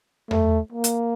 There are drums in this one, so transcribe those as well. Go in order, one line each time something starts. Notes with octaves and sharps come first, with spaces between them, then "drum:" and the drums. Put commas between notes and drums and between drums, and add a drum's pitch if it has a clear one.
A3, drum: tom E2
A#3
drum: hi-hat